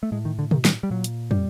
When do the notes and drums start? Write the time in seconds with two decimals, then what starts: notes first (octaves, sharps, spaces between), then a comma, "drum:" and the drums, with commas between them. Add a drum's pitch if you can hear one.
0.03 A3
0.12 A2 G#3
0.25 D#3
0.39 D3
0.51 D#3, drum: tom
0.65 D#3, drum: snare
0.83 G3
0.90 A#2 F#3
1.04 drum: hi-hat
1.31 G3, drum: tom